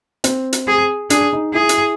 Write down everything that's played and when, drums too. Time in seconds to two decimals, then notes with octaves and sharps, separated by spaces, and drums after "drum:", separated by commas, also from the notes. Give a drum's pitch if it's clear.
0.24 C4, drum: hi-hat
0.53 drum: hi-hat
0.67 G#4
1.10 D4 G#4, drum: hi-hat
1.33 D#4
1.54 E4 G#4
1.69 drum: hi-hat